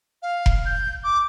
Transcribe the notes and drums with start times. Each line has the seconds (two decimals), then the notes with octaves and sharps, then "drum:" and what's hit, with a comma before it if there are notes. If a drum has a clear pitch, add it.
0.22 F5
0.46 drum: kick F1
0.66 G6
1.04 D6